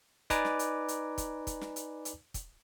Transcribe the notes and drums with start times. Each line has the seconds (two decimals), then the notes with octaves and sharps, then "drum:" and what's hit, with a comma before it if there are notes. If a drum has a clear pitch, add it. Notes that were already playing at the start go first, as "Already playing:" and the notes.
0.30 D#4 B4 D5 G#5 A#5 D6, drum: kick, hi-hat
0.45 drum: snare
0.59 drum: hi-hat
0.88 drum: hi-hat
1.18 drum: kick, hi-hat
1.47 drum: kick, hi-hat
1.61 drum: snare
1.76 drum: hi-hat
2.05 drum: hi-hat
2.34 drum: kick, hi-hat